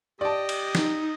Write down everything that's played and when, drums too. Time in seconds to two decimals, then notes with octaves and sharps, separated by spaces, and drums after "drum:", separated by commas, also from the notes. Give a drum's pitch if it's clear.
0.21 G4 D5 D#5 A5
0.49 drum: cymbal
0.75 D#4, drum: snare